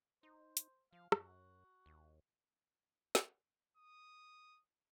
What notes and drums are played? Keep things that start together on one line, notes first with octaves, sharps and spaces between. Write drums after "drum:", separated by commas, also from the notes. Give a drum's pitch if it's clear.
D#4 C5
drum: hi-hat
F3 F5
F#2 F#4, drum: rim click
D#2
drum: snare
D#6